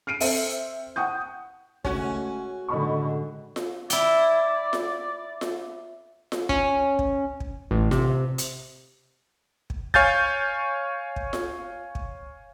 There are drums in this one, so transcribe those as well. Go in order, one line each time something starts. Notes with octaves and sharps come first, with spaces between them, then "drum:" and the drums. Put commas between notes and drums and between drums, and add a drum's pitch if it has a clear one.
F6 C7 D7 D#7
C4 A4 C5 E5, drum: open hi-hat
F#5 G5 C#6 D#6 G6
C#3 G#3 A3 C#4 F#4, drum: kick
A2 D3 D#3 G#3 D#5 B5 C#6
drum: snare F4
E4 D5 G5, drum: hi-hat
drum: snare F4
drum: snare F4
drum: snare F4
C#4, drum: kick
drum: kick
drum: kick
A1
C3, drum: snare F4
drum: hi-hat
drum: kick
C#5 F5 G#5 G6 A6, drum: kick
drum: kick
drum: snare F4
drum: kick